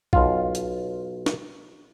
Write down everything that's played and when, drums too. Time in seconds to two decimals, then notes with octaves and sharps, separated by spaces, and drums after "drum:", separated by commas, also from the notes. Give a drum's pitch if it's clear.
0.13 B1 F4, drum: kick B1
0.55 drum: hi-hat
1.26 drum: snare